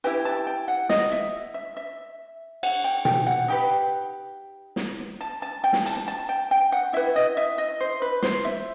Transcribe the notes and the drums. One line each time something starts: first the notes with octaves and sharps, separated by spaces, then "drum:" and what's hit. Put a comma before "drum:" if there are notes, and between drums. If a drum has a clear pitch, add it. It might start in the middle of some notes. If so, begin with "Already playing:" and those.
E4 G4 B4 G5
A5
G5
F#5
D#5, drum: snare
E5
E5
E5
F#5, drum: cymbal
G5
G5, drum: tom B2
F#5
D#4 G4 B4 G5
drum: snare
A5
A5
G5
drum: snare
A5, drum: hi-hat
A5
G5
G5
F#5
E4 B4 E5
D#5
E5
D#5
C5
B4
C5, drum: snare
E5